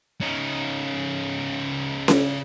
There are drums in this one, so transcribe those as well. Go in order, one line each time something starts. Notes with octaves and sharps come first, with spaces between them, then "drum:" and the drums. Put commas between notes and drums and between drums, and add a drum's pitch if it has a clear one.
C#3 D#4
drum: snare C#4